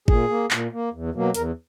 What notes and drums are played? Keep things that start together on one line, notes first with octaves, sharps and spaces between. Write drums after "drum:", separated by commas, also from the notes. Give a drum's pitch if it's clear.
A#2 G#4, drum: kick G#1
A#3
A#2, drum: clap
A#3
E2
B2 F#3 A#3
E2 A#4, drum: hi-hat